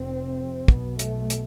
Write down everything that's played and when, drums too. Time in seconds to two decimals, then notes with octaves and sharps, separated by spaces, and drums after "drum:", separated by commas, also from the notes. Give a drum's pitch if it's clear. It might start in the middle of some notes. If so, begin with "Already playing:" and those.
Already playing: F1 F2 C3 C4
0.68 B1 B2 B3, drum: kick
0.99 A3, drum: hi-hat
1.30 drum: hi-hat